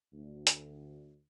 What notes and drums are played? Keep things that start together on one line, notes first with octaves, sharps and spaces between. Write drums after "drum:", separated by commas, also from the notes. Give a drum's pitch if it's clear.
D2
drum: hi-hat